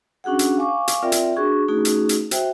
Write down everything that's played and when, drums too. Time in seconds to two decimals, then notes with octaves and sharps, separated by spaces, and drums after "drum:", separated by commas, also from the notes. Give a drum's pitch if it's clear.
0.24 C#4 D4 F#4 G#4 F#5
0.39 drum: hi-hat
0.57 F5 G#5 C#6 D6
0.88 drum: hi-hat
1.02 C4 F4 A#4 D5 E5 G5
1.12 drum: hi-hat
1.36 D4 F#4 G#4 C#6
1.68 A3 C#4 D#4 F#4 G#4
1.85 drum: hi-hat
2.09 drum: hi-hat
2.31 F#4 C5 E5 G5, drum: hi-hat